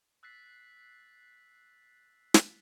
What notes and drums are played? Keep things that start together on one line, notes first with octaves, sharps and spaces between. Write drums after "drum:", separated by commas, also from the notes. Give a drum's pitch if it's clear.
E6 F#6 A6 B6 C7
drum: snare